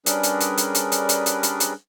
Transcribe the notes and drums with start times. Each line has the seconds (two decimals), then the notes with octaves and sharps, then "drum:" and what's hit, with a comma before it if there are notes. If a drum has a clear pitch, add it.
0.06 G3 C#4 D4 G#4 A#4 B4, drum: hi-hat
0.23 drum: hi-hat
0.40 drum: hi-hat
0.57 drum: hi-hat
0.75 drum: hi-hat
0.92 drum: hi-hat
1.09 drum: hi-hat
1.26 drum: hi-hat
1.43 drum: hi-hat
1.60 drum: hi-hat